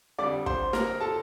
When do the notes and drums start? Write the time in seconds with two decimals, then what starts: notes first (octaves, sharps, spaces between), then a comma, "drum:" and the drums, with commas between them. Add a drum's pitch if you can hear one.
0.19 F2 D3 G3 D5 D6
0.46 C5 C6, drum: kick
0.73 A#4 A#5, drum: snare
1.01 A4 A5